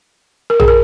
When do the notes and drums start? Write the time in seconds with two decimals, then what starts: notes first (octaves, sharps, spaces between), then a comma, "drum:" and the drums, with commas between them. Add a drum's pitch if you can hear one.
0.50 A#4
0.60 G#4, drum: tom A#1
0.68 A#4